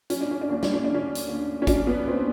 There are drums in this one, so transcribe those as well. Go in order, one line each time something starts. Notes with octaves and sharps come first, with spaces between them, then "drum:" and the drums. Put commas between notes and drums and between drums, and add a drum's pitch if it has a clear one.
F#3 C#4, drum: hi-hat
D4
C#4
D4
D#2 C#4
D4, drum: snare
C#4
D3 D4
C#4
drum: hi-hat
D#2
C#4
F#3 D4, drum: kick, hi-hat
B3
D#2 C4